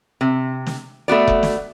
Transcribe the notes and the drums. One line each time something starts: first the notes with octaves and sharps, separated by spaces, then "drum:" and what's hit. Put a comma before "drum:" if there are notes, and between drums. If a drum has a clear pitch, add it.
C3
drum: snare
A3 B3 F#4 D5
drum: kick F1
drum: snare